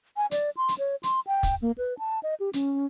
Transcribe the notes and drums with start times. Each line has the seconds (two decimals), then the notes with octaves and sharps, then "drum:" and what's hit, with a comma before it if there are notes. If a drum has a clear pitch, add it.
0.17 G#5
0.31 D5, drum: hi-hat
0.57 C6
0.69 drum: hi-hat
0.78 C#5
1.03 C6, drum: hi-hat
1.27 G5
1.43 drum: kick, hi-hat
1.62 A#3
1.78 B4
1.99 A5
2.23 D#5
2.40 G4
2.53 C#4, drum: hi-hat